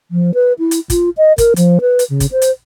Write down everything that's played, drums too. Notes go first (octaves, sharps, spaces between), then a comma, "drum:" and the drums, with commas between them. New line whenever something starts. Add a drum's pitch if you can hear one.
F3
B4
E4
drum: hi-hat
F4, drum: kick, hi-hat
D#5
A#4, drum: kick, hi-hat
F3, drum: hi-hat
B4
drum: hi-hat
C#3
drum: kick, hi-hat
C5
drum: hi-hat